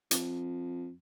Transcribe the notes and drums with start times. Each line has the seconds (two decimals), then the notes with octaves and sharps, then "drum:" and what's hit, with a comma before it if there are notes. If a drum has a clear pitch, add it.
0.11 F2, drum: hi-hat